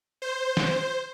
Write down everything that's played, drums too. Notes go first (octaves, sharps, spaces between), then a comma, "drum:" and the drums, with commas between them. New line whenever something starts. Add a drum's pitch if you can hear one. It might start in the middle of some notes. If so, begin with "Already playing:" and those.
C5
drum: snare